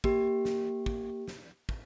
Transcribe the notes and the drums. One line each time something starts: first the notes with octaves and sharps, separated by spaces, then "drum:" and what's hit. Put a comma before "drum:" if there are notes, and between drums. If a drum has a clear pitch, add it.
A#3 G4, drum: kick
drum: snare
drum: kick
drum: snare
drum: kick